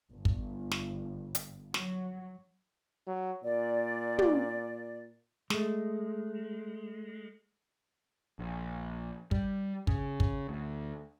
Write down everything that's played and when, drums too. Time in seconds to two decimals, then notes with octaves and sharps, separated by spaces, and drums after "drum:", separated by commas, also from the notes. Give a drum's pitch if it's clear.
0.11 G1
0.25 drum: kick
0.71 drum: snare
1.35 drum: hi-hat
1.74 F#3, drum: snare
3.07 F#3
3.44 A#2 D5
4.19 drum: tom
5.50 G#3 A3, drum: snare
8.39 A#1
9.31 G3, drum: kick
9.87 C#3, drum: kick
10.20 drum: kick
10.49 D2